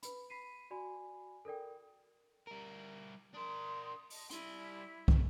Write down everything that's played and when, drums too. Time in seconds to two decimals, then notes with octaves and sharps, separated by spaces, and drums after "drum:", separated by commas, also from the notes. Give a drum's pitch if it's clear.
0.03 B4 B5, drum: hi-hat
0.30 B5 B6 C7 D#7
0.70 F#4 D5 G#5 B5
1.45 A4 A#4 D5 G5
2.47 G3 A#4
3.34 D4 A#4 C6 D#6
4.10 D#5 A5, drum: open hi-hat
4.30 G3 E4 C6, drum: hi-hat
5.08 D3 F3, drum: kick